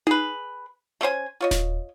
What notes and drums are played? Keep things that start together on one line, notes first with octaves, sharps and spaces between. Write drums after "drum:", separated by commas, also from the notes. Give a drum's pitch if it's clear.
G#4 B4, drum: tom D#4
A3 C#4 C5 G#5
F4 C#5 D#5
drum: snare D#1